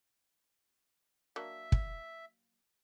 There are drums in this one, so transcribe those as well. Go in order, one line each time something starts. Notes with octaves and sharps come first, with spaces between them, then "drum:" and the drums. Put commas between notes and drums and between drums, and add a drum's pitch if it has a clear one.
F#3 A#3 D4 E5
drum: kick